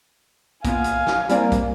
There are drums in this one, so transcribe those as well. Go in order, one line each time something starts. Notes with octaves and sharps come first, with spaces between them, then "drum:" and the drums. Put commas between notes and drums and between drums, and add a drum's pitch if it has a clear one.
A#3 B3 F4 F5 G#5, drum: kick, hi-hat
drum: hi-hat
drum: snare
G3 A#3 C4 E4 A#4 D5, drum: hi-hat
drum: kick, hi-hat